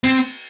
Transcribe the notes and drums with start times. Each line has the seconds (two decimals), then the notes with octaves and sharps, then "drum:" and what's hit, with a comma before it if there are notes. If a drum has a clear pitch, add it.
0.04 C4, drum: cymbal